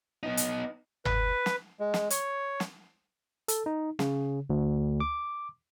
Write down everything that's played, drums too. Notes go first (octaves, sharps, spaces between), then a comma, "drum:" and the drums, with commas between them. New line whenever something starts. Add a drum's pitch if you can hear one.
B3 D#4
drum: hi-hat
B4, drum: tom G1
drum: snare
G#3
drum: snare
C#5, drum: hi-hat
drum: snare
A4, drum: hi-hat
D#4
C#3, drum: snare
D2
D6